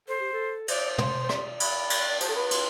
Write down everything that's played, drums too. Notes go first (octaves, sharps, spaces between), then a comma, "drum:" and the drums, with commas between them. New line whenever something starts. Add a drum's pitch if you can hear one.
A4 C5
G4
A4
C5 D5, drum: cymbal
C6, drum: tom
C5
D5, drum: rim click
B5, drum: cymbal
drum: cymbal
D5
C5 A5, drum: cymbal
A4
B4 B5
C6, drum: cymbal